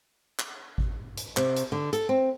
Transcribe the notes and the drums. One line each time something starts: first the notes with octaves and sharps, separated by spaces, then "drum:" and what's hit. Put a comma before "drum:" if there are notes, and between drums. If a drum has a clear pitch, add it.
drum: clap
drum: kick G#1
drum: hi-hat
C3, drum: clap
drum: hi-hat
D3
A4, drum: hi-hat
C4